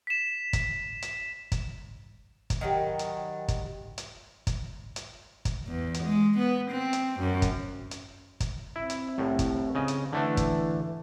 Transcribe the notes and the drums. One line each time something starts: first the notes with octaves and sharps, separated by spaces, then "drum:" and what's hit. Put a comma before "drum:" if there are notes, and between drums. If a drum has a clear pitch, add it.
B6 E7
drum: kick, hi-hat
drum: hi-hat
drum: kick, hi-hat
drum: kick, hi-hat
D#3 F#3 G3
drum: hi-hat
drum: kick, hi-hat
drum: hi-hat
drum: kick, hi-hat
drum: hi-hat
drum: kick, hi-hat
E2
drum: hi-hat
G#3
B3
C4
drum: hi-hat
F#2
drum: kick, hi-hat
drum: hi-hat
drum: kick, hi-hat
C4 E4
drum: hi-hat
C2 A2
drum: kick, hi-hat
C#3 D#5
drum: hi-hat
D3 E3 A3 D4
drum: kick, hi-hat